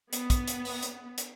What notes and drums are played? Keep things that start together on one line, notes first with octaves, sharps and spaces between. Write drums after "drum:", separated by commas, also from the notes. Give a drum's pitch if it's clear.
B3, drum: hi-hat
drum: kick, hi-hat
drum: hi-hat
drum: open hi-hat
drum: hi-hat
drum: hi-hat